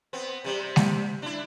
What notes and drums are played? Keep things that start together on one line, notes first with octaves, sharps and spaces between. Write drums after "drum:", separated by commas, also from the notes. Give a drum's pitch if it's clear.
B3 C4
C3 G3
drum: snare G#3
D4 E4